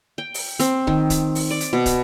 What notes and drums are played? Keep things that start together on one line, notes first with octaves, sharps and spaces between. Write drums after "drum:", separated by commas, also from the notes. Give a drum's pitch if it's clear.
G5
drum: open hi-hat
C4, drum: hi-hat
D#3, drum: kick
drum: kick, hi-hat
drum: open hi-hat
D5
drum: hi-hat
B2
drum: kick, hi-hat